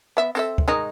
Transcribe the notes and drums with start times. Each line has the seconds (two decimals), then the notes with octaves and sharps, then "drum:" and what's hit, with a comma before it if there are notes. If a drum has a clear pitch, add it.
0.17 B3 E5
0.35 C4 A4 E5, drum: tambourine
0.58 drum: kick
0.68 D#3 G#3 D#4